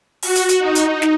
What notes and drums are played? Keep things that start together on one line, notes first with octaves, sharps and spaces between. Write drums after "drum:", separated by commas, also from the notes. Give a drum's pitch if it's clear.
F#4, drum: open hi-hat
drum: hi-hat
drum: hi-hat
D#4
drum: hi-hat
drum: snare